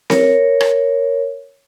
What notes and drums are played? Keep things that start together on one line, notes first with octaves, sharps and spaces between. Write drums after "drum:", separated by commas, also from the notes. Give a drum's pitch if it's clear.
A#4 C#5, drum: snare C4
drum: rim click